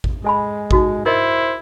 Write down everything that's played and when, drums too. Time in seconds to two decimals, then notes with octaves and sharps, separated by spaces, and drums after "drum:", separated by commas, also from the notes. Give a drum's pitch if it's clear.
0.04 drum: kick A1
0.24 G#3 A4 G#5 B5
0.71 D#4 F#4 A4, drum: kick A1
1.06 E4 A#4 C5 D#5